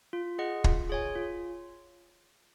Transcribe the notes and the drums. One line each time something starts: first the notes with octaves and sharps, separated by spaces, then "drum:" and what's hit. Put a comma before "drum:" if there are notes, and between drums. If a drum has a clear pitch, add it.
F4
G#4 D#5 F#5
F4, drum: kick
G#4 C#5 G#5
F4